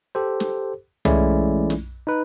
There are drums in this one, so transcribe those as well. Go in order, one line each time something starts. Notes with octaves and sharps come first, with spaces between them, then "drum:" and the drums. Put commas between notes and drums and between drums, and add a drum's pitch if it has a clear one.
G4 A4 C5
drum: snare
E3 G#3 A3 C#4 E4 D5, drum: tom
drum: snare
D#4 B4